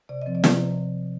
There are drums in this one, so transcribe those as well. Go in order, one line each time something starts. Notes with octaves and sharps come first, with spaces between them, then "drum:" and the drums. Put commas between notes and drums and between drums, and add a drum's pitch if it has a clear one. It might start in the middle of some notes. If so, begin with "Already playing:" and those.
C3 D5
F3 C4 D#5
D5
C3, drum: snare